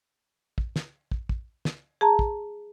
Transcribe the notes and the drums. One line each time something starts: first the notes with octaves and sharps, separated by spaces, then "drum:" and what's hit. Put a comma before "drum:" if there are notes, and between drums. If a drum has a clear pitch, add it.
drum: kick
drum: snare
drum: kick
drum: kick
drum: snare
G#4 A5 A#5
drum: kick